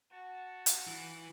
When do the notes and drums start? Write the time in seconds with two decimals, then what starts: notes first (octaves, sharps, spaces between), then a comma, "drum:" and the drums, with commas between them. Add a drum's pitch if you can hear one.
0.11 F#4 F#5 A5
0.66 drum: hi-hat
0.87 E3